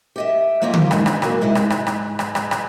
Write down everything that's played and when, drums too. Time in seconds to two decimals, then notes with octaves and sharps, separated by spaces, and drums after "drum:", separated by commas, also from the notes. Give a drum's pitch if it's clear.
0.16 G4 D#5 E5
0.62 F#3 A#3 C4 F4 G4 D#5
0.74 drum: tom D3
0.91 G#2 C#3 E3 D4, drum: rim click
1.06 drum: rim click
1.22 F#3 A#3, drum: rim click
1.41 G#2 C3 G#3 D4 E4
1.55 G#2, drum: rim click
1.70 drum: rim click
1.87 drum: rim click
2.19 drum: rim click
2.35 drum: rim click
2.51 drum: rim click